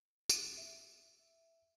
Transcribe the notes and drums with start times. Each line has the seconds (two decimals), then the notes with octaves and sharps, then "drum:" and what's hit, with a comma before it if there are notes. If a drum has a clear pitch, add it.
0.29 drum: tambourine
0.57 E5